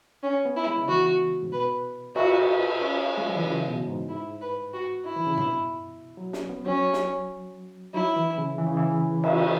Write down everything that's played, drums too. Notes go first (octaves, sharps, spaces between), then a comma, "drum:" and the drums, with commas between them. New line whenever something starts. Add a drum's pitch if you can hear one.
C#4
B3
E4
G#3
C#3
E3 F#4
G#2
B2 B4
F#4, drum: cymbal
C#4
G#3
F#3
E3
C#3
B2
G#2
E4
B4
F#4
E4
E3
C#3
B2, drum: tom G2
F#3
C#4, drum: snare
B3
F#3 C#4
drum: snare
F#3 E4
E3
C#3
E3
C#3
E3
C#4, drum: cymbal